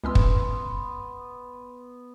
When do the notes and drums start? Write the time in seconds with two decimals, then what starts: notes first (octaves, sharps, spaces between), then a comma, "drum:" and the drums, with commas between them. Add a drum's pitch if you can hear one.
0.04 C#2 B3 C#4 C6 E6
0.15 drum: kick